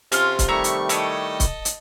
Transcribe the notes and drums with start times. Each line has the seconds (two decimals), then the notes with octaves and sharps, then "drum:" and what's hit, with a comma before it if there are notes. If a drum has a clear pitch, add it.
0.12 C3 C#4 F4 A4 C6 F6, drum: hi-hat
0.39 drum: kick C#1, hi-hat
0.48 D#3 G3 A3 C#5 E5 A#5 C#6
0.64 drum: hi-hat
0.89 E4 A4 C#5 D#5 D#6, drum: hi-hat
1.40 drum: kick C#1, hi-hat
1.65 drum: hi-hat